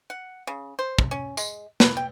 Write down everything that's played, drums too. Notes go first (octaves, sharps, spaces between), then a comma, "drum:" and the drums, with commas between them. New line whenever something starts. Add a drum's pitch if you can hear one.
F#5
C#3
C5
drum: kick
C#4
G#3, drum: tambourine
B4, drum: snare
G5